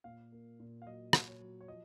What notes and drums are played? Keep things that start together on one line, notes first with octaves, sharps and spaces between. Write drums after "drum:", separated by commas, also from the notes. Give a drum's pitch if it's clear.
A#2 F5
A#3
A#2
F5
F#3 D#5
F#3, drum: rim click
C#5
F#3
C#5
F3 D#5